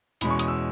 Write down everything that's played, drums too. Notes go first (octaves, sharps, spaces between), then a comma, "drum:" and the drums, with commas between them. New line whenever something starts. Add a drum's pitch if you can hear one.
E2 B2 G#3 C#4 B5, drum: hi-hat
C#6
D#6, drum: hi-hat
E6